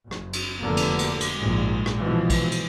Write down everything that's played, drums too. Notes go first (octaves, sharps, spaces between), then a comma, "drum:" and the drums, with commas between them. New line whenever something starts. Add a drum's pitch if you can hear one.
F#1, drum: rim click
drum: cymbal
F1 D3 A#3 B3
drum: cymbal
drum: cymbal
drum: cymbal
A#1 G#2 G#3
drum: rim click
B2 E3 F3 G#3
drum: kick A#1, cymbal
drum: cymbal